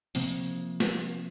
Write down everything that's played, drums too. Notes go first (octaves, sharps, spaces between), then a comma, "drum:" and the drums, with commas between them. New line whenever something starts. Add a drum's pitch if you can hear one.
C3 F3 A#3 C4, drum: open hi-hat
drum: snare